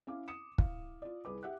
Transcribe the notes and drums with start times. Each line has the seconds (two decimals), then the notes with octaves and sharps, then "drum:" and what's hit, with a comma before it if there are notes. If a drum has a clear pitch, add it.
0.07 C#4 E4 F5 D6
0.28 D#6 C#7 E7
0.58 E4 F5, drum: kick
1.02 F4 D5
1.25 C2 G#4 B4 D6
1.43 G4 E5 F#5 F#6